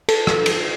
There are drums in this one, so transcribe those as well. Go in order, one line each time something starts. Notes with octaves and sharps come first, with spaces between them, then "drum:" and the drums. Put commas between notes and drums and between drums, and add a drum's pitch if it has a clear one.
A4, drum: cymbal
drum: rim click
drum: cymbal